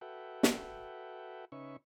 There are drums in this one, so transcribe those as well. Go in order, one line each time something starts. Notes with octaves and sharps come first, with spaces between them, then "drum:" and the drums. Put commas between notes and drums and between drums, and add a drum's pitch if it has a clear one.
F#4 A4 B4 E5 F#5 G5
drum: snare
C#3 C#4 D#4 B4 E5 C#6